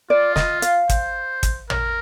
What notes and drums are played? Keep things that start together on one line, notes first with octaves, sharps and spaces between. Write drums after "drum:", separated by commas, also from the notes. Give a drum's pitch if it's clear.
F4 D5
D#5, drum: snare
F5, drum: hi-hat
C5, drum: kick, hi-hat
drum: kick, hi-hat
A#4, drum: tom